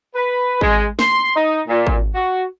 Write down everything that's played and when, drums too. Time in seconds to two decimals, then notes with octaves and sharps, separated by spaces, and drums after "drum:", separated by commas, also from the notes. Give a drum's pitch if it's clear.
0.15 B4
0.61 G#3, drum: kick G#1
0.99 C6, drum: snare
1.35 D#4
1.68 A#2
1.87 drum: kick G#1
2.14 F#4